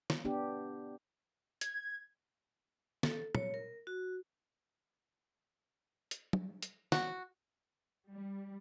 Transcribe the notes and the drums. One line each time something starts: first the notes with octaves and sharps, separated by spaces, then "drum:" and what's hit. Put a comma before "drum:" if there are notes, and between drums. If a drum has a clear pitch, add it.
drum: snare
B3 D4 G4
G#6, drum: hi-hat
A4, drum: snare
C#5, drum: tom
A#4
F#4
drum: hi-hat
drum: tom
drum: hi-hat
F#4, drum: snare
G3